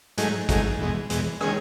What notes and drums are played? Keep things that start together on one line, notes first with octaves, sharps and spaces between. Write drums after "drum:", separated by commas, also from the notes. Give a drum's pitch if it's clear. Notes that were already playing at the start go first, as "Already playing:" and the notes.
G#2 F#3 A3 D#4 G#4, drum: hi-hat
G#2 F#3 A3 D#4 G#4, drum: kick, hi-hat
E2 B2 G#3
E2 B2 G#3, drum: hi-hat
D#3 G#3 C#4 G#4, drum: rim click